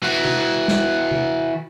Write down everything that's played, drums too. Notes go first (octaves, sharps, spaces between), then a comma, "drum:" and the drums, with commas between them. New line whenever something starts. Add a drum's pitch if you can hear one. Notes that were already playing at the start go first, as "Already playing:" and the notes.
E3 F#4
drum: tom C3
drum: snare
drum: tom C3